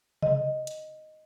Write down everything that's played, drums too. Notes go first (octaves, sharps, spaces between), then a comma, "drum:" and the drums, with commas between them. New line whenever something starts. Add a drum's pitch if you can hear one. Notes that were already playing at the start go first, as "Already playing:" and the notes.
D#5, drum: tom C3
drum: hi-hat